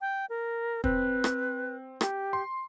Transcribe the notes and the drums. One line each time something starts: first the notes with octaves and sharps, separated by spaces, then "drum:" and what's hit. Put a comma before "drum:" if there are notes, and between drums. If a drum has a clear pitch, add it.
G5
A#4
C4 B4, drum: kick
drum: rim click
G4, drum: rim click
C6